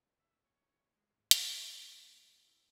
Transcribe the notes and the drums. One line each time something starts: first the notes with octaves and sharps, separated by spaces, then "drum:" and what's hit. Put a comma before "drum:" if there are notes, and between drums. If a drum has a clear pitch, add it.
E5
C#5
G#3
G#2
drum: hi-hat
G2
B3
E4